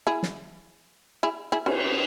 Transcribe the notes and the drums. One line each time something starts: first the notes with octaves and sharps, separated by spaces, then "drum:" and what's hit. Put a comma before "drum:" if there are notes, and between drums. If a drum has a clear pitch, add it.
E4 G#4
drum: snare
E4 G#4
E4 G#4
C#4 E4, drum: cymbal